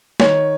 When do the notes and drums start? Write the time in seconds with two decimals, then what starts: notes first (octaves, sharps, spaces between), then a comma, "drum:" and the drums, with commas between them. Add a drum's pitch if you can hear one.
0.20 D#3 C#5, drum: snare